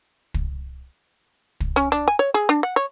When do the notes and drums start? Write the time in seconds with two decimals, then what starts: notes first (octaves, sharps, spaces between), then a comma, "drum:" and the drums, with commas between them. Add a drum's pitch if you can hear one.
0.34 drum: kick
1.60 drum: kick
1.76 C#4
1.92 D4
2.08 G#5
2.19 C#5
2.34 G#4
2.49 D4
2.63 F#5
2.76 C#5